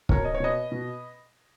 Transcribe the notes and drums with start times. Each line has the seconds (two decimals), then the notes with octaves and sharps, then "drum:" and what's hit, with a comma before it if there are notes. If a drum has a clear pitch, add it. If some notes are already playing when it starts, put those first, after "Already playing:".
0.09 B2 A#4 C#5, drum: kick
0.25 D#5
0.34 C#5
0.40 B2 B4 D#5
0.72 B2